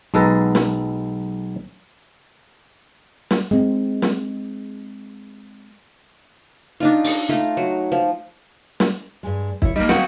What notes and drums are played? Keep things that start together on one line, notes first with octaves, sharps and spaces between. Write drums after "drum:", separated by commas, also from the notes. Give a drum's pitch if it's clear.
B1 G#3 A4 B4 A5 A#5
drum: snare
drum: snare
G#3 C4
drum: snare
D4 D#4 F4
D6, drum: open hi-hat
A3 D#4 F4
F#3
F3
drum: snare
G2 G#3
E4 C#5, drum: kick
G3 A#3 D#4
C4 F#4 F5 G5, drum: snare